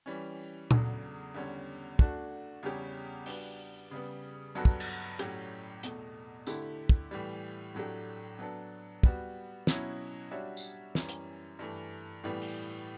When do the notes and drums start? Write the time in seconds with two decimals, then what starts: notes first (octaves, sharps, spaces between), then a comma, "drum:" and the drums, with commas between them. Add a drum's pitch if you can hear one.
0.06 E3 G3 C#4
0.71 E2 C#3 F#3 A3 D4, drum: tom
1.34 E2 D3 G3 C#4
1.99 A3 D4 F#4, drum: kick
2.63 E2 C#3 G3 C#4 G4
3.26 G3 B3 D4 F#4, drum: open hi-hat
3.91 C#3 G3 B3
4.55 G2 F#3 B3 F#4 A4
4.65 drum: kick
4.80 drum: cymbal
5.19 A2 F#3 C#4 G4, drum: hi-hat
5.83 E2 B2 A3, drum: hi-hat
6.46 D3 A3 E4 G4, drum: tambourine
6.89 drum: kick
7.11 A2 E3 G3
7.75 A2 F#3 A3 D4 G4
8.39 F#3 B3 D4 A4
9.03 G3 B3 F#4, drum: kick
9.67 B2 F#3 C#4 E4, drum: snare
10.31 G3 D4 F#4 C#5 E5
10.57 drum: tambourine
10.95 F#2 E3 G3 C#4, drum: snare
11.09 drum: hi-hat
11.59 G2 E3 A3
12.24 A2 E3 G3 B3
12.42 drum: open hi-hat